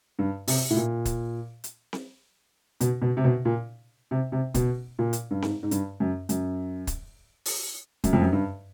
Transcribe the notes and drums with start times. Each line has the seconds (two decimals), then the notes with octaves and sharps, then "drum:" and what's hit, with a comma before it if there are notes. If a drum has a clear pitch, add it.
0.19 G2
0.48 C3, drum: open hi-hat
0.70 A2
0.76 A#2
1.05 drum: kick, hi-hat
1.64 drum: hi-hat
1.93 drum: snare C4
2.81 B2, drum: hi-hat
3.02 B2
3.17 C3
3.24 B2
3.45 A#2
4.11 C3
4.32 C3
4.54 B2, drum: kick, hi-hat
4.99 A#2
5.13 drum: hi-hat
5.31 G2
5.42 G#2, drum: snare C4
5.63 G#2
5.71 G2, drum: hi-hat
6.00 F#2
6.29 F#2, drum: hi-hat
6.87 drum: kick, hi-hat
7.45 drum: open hi-hat
8.04 F#2, drum: kick, hi-hat
8.13 F2
8.21 F#2
8.33 G2